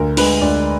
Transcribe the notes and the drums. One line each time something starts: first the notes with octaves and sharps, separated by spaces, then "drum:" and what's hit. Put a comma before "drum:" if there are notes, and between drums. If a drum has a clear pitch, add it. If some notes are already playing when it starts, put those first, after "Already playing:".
Already playing: D2 A#4
D3 G#3 B4, drum: open hi-hat
D2 D5